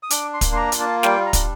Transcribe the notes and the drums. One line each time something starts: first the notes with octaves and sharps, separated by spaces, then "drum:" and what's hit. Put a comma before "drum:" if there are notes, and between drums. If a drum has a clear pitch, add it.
D#6
D4 D6, drum: hi-hat
C6
A#3, drum: kick, hi-hat
C6
A#5
F4, drum: hi-hat
A5
G3 G5, drum: snare
A#5
D4, drum: kick, hi-hat